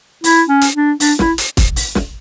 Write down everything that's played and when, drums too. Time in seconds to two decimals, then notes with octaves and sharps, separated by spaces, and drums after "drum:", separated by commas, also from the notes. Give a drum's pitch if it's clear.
0.24 E4, drum: open hi-hat
0.48 C#4
0.61 drum: hi-hat
0.74 D4
1.00 D4, drum: open hi-hat
1.19 E4, drum: snare
1.38 drum: hi-hat
1.57 drum: kick, hi-hat
1.76 drum: open hi-hat
1.95 drum: snare